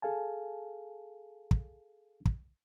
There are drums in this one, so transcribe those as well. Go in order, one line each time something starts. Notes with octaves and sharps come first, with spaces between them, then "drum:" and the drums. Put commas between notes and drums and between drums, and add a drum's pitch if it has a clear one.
G#4 A4 F5 G#5 A5
drum: kick
drum: kick